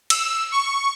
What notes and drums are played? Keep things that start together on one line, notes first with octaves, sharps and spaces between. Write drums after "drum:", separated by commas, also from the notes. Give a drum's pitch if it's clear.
E6, drum: cymbal
C#6